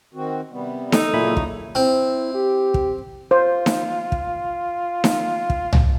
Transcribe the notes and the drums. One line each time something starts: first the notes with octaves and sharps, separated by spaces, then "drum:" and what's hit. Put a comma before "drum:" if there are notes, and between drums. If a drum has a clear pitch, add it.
D#3 C4 F#4
C3 G3 B3
D#4 A4, drum: snare D#4
A#2 C#3 F#3 A3 E4 B5
drum: kick
C4 E4
G4
drum: kick
F4 C5
drum: snare D#4
drum: kick
drum: snare D#4
drum: kick
drum: tom C2